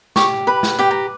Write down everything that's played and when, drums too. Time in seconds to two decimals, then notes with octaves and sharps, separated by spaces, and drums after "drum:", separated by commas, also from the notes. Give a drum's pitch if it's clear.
0.16 G4 C#6, drum: snare
0.47 B4 B5
0.63 drum: snare
0.79 G4 G5
0.91 A#5